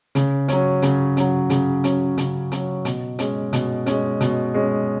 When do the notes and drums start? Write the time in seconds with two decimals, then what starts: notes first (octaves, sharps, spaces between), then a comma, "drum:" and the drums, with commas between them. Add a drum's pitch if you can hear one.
0.15 C#3, drum: hi-hat
0.48 F#3 C#4, drum: hi-hat
0.82 C#3, drum: hi-hat
1.17 F#3 C#4, drum: hi-hat
1.50 C#3, drum: hi-hat
1.84 F#3 C#4, drum: hi-hat
2.18 C#3, drum: hi-hat
2.52 F#3 C#4, drum: hi-hat
2.85 B2, drum: hi-hat
3.19 G#3 C#4, drum: hi-hat
3.53 B2, drum: hi-hat
3.86 G#3 C#4, drum: hi-hat
4.21 B2, drum: hi-hat
4.54 G#3 C#4